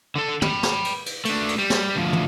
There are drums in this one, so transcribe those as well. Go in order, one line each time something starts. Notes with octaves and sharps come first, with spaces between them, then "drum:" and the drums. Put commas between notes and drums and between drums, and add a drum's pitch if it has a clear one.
D3 A4
G5 B5, drum: tom
drum: snare
drum: cymbal
drum: cymbal
A3 D4, drum: cymbal
drum: cymbal
G3
drum: snare
D2 F3
drum: tom